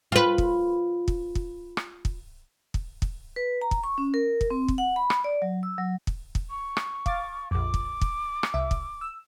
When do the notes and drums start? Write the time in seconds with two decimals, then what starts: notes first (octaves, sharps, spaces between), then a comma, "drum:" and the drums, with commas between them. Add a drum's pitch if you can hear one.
0.12 F4 B4
0.38 drum: kick
1.08 drum: kick
1.35 drum: kick
1.77 drum: rim click
2.05 drum: kick
2.74 drum: kick
3.02 drum: kick
3.36 B4
3.62 A#5
3.71 drum: kick
3.84 C#6
3.98 C#4
4.14 A#4
4.41 drum: kick
4.51 C4
4.68 drum: kick
4.78 F#5
4.96 B5
5.10 drum: rim click
5.24 D5
5.42 F#3
5.63 E6
5.78 F#3
6.07 drum: kick
6.35 drum: kick
6.50 C#6
6.77 drum: rim click
7.06 F5 D6 A6, drum: kick
7.51 A#1 F2 D6
7.74 drum: kick
8.01 drum: kick
8.43 drum: rim click
8.54 C2 E5
8.71 drum: kick
9.01 E6